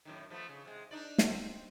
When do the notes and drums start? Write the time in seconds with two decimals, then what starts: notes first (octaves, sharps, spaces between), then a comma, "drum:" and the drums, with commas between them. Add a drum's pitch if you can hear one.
0.05 F#2 A2 D#3
0.30 F3 A3 B3
0.49 C#3
0.65 C3 G#3
0.91 D4 D#4 D5
1.18 drum: snare
1.28 C4